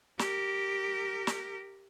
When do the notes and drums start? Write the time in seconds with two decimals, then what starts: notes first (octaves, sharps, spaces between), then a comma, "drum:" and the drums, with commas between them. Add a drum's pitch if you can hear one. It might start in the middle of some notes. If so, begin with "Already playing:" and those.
0.19 G4 A#4, drum: snare
1.27 drum: snare